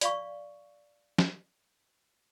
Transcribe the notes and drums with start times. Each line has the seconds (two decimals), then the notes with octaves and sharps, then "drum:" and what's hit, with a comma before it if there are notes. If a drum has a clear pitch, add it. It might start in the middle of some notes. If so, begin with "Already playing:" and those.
0.01 D5 F5 C#6, drum: hi-hat
1.18 drum: snare